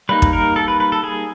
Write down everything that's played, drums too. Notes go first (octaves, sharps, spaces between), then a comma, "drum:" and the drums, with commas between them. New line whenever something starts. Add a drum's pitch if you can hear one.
G3 A#3 D#4 B4
drum: kick
A#4
A4
B4
B4
A4
G#4